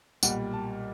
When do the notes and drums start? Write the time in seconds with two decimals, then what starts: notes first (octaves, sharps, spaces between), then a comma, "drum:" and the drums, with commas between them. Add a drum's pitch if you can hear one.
0.23 B1 A#2 G3 F#5, drum: tambourine
0.53 A5